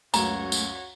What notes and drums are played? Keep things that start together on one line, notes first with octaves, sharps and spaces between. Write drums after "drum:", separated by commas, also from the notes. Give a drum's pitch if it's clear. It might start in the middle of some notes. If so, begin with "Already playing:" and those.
C#2 F#2 A3 F#4 C#5 A#5, drum: tambourine
drum: tambourine